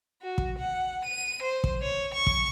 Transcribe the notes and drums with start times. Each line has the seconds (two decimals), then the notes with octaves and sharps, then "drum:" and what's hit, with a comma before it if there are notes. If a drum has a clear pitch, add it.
0.22 F#4
0.38 drum: kick
0.59 F#5
1.04 D#7
1.42 C5
1.64 drum: kick
1.82 C#5
2.14 C#6
2.27 drum: kick